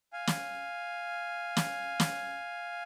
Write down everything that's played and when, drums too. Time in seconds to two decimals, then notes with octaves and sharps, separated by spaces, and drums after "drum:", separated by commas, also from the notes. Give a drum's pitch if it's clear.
0.13 F5 G#5
0.27 drum: snare
1.57 drum: snare
2.00 drum: snare